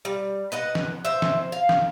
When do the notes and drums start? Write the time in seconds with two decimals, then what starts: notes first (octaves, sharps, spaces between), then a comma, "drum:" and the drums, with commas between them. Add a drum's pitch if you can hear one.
0.05 G3
0.52 B4 D#5 F#5
0.75 drum: snare
1.05 C5 E5
1.22 drum: snare
1.52 F5
1.69 drum: snare